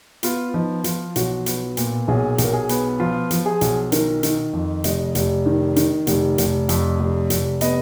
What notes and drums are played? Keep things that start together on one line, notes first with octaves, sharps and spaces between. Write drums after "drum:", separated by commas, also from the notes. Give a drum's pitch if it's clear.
B3 F4, drum: hi-hat
F3 D#4
F3 F4, drum: hi-hat
B1 F#4, drum: hi-hat
B3, drum: hi-hat
A#2, drum: hi-hat
B1 G#4
B1, drum: hi-hat
A#4
G#4
B3, drum: hi-hat
F3 F4
F3, drum: hi-hat
G#4
B1, drum: hi-hat
D#3 A#4, drum: hi-hat
D#3, drum: hi-hat
F2
F1 D#5, drum: hi-hat
F1, drum: hi-hat
D#3
D#3, drum: hi-hat
F1, drum: hi-hat
F1, drum: hi-hat
F2, drum: hi-hat
F1
F1, drum: hi-hat
B3 D#5, drum: hi-hat